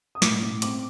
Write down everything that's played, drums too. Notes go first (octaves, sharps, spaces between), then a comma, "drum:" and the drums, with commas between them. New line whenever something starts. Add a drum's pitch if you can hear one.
D#6
A2 D6, drum: snare
A2
C4 D6, drum: hi-hat